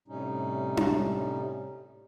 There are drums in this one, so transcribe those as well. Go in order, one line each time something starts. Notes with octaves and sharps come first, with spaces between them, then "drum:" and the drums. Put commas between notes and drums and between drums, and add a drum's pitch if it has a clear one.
A2 C3 G3 C#4 D#4
drum: tom D4